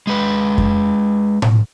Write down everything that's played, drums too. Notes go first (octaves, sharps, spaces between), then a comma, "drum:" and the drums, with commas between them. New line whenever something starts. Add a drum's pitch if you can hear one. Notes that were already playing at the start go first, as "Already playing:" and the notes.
G#3 B4
drum: kick F2
drum: tom A2